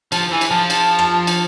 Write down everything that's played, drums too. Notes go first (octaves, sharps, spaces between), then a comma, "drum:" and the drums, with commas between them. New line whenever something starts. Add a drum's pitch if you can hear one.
F3 A5, drum: cymbal
E3 G#5
drum: cymbal
F3 A5
drum: cymbal
drum: rim click
drum: cymbal